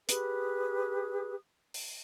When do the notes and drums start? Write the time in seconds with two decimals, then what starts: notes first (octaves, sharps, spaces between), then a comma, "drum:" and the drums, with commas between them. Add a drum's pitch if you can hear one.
0.09 G4 G#4 B4 D#6, drum: hi-hat
1.74 drum: open hi-hat